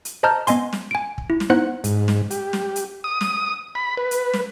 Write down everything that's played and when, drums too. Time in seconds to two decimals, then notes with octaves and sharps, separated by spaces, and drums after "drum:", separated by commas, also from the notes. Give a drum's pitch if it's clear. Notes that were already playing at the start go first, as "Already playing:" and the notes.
0.05 drum: hi-hat
0.23 C5 D#5 A5 A#5 F6 G6
0.47 B3 D#5 G#5 C6, drum: hi-hat
0.73 drum: snare
0.91 G#5 D7
1.18 drum: kick
1.30 E4
1.40 drum: snare
1.50 B3 D#4 E4 C5 F#5 F#6
1.84 G#2, drum: hi-hat
2.08 drum: snare
2.31 G4, drum: hi-hat
2.53 drum: snare
2.76 drum: hi-hat
3.04 D#6
3.21 drum: snare
3.75 B5
3.97 B4
4.11 drum: hi-hat
4.34 drum: snare